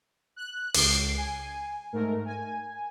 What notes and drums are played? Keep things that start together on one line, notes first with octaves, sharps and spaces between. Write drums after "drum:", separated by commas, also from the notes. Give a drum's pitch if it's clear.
F#6
C#2 C7 D7, drum: open hi-hat
G#5
G#2 A3 A#4
G#5